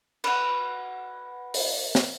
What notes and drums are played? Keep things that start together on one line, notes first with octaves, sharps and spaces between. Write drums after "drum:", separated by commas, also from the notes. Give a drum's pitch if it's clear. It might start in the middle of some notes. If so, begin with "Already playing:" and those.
F#4 B4, drum: cymbal
drum: open hi-hat
drum: snare